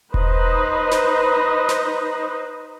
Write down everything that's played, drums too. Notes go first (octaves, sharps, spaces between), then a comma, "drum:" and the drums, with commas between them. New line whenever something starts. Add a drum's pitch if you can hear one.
D#4 B4 C5 D#5, drum: kick E1
drum: snare
drum: snare